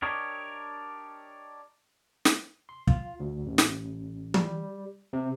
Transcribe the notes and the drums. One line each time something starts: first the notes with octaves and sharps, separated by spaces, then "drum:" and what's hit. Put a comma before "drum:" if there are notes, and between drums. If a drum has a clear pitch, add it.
D4 G4 A#4 C#5 D#5
drum: snare
C6
F4, drum: kick
D2
A1
drum: snare
G3, drum: tom E3
C3